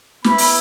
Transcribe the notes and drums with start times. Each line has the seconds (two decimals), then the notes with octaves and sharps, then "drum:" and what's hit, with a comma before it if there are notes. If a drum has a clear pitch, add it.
0.24 B3 E4 B5, drum: snare
0.38 drum: open hi-hat